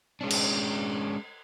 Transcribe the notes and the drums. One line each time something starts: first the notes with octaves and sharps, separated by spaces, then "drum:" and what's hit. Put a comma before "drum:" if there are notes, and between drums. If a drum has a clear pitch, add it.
G#3 C#4 D4
drum: cymbal